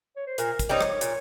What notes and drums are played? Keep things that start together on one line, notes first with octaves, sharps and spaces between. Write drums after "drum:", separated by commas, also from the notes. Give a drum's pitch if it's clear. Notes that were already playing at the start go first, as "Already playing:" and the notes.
C#5
C5
A#2 A#4, drum: hi-hat
drum: kick, hi-hat
G3 C4 D#4 C#5
drum: rim click
A#2, drum: hi-hat